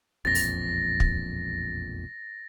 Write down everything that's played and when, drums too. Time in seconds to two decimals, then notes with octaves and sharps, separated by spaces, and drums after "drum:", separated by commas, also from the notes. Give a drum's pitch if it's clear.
0.25 E1 A#1 F2 A6 A#6
0.35 drum: open hi-hat
1.00 drum: kick